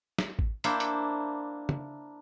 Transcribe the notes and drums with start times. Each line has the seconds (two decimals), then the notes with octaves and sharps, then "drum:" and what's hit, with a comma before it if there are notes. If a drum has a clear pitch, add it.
0.19 drum: snare
0.39 drum: kick G#1
0.64 A#3 D4 E4 C5 G5, drum: hi-hat
0.80 drum: hi-hat
1.69 drum: tom C#3